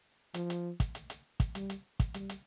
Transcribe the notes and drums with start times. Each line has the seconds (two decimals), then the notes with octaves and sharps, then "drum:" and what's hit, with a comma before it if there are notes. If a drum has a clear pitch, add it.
0.34 F3, drum: hi-hat
0.50 drum: hi-hat
0.80 drum: kick, hi-hat
0.95 drum: hi-hat
1.10 drum: hi-hat
1.40 drum: kick, hi-hat
1.55 G3, drum: hi-hat
1.70 drum: hi-hat
2.00 drum: kick, hi-hat
2.14 G3, drum: hi-hat
2.29 drum: hi-hat